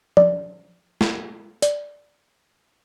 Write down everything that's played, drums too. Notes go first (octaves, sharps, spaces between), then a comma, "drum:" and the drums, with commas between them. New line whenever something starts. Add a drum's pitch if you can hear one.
D5, drum: tom F3
drum: snare
D5, drum: hi-hat